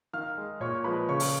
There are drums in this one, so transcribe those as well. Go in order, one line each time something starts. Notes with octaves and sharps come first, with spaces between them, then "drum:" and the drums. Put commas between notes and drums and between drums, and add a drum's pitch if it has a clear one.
D#3 F5 F6
G#3
A#2 C#5 C#6
F3 G#3 B4 B5
C#3 C#5 C#6
drum: open hi-hat